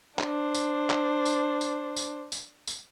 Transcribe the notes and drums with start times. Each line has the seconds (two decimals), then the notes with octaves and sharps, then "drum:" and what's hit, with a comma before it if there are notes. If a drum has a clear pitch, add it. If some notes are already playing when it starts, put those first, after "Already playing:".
0.19 D4 C5, drum: clap
0.54 drum: tambourine
0.90 drum: clap
1.25 drum: tambourine
1.61 drum: tambourine
1.96 drum: tambourine
2.32 drum: tambourine
2.67 drum: tambourine